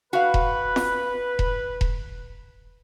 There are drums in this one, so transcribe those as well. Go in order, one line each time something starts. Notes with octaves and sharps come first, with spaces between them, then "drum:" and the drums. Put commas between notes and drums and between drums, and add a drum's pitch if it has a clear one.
F#4 B4 F5
drum: kick E1
drum: snare
drum: kick E1
drum: kick E1